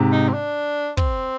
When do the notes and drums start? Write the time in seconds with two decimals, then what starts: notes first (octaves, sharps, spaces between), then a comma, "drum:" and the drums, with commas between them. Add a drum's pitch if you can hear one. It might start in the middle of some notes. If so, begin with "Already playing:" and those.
Already playing: G#2 C3
0.12 D#4
0.29 C4
0.34 D4
0.97 C4, drum: kick